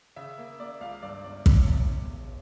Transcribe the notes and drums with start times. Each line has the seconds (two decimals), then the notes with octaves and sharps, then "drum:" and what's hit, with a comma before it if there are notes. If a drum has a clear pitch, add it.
0.16 C#3 E5
0.38 A#3
0.59 A#3 D5
0.81 C#2 F5
1.03 G2 D5
1.24 G1 D5
1.46 G1 C#5, drum: kick
1.67 G2
1.89 E2
2.10 E1